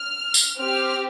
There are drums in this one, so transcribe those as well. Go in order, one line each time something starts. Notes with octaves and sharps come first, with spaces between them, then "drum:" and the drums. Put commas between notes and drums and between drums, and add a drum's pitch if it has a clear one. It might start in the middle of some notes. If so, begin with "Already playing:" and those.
Already playing: F6
drum: tambourine
C4 G4 F6